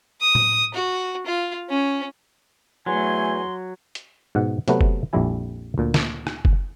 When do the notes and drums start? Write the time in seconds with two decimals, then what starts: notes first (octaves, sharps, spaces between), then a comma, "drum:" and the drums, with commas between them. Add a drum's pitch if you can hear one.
0.21 D#6
0.35 drum: tom A2
0.74 F#4
1.26 F4
1.69 C#4
2.86 E2 F#3 A3 G#5 C6
3.95 drum: hi-hat
4.35 G#2 B2 F#5
4.68 C3 F#3 A3 B3 B4, drum: hi-hat
4.81 drum: kick F#1
5.13 A#1 F2 G3 E4 G#5
5.78 D2 A#2
5.94 drum: snare
6.27 drum: rim click
6.45 drum: kick F#1